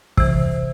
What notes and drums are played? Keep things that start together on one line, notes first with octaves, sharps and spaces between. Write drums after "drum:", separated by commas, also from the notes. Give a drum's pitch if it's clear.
C3 E3 C5, drum: kick